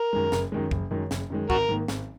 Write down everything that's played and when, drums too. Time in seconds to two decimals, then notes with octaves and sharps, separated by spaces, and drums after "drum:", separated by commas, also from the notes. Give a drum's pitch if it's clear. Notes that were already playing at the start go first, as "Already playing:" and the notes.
Already playing: A#4
0.13 F#2 D#3 G#3
0.32 F#1, drum: snare
0.52 F#2 D#3 G#3
0.71 F#1, drum: kick
0.91 F#2 D#3 G#3
1.11 F#1, drum: snare
1.30 F#2 D#3 G#3
1.50 G#1 F#4 A#4, drum: kick
1.69 G#2 D#3 A#3
1.88 G#1, drum: snare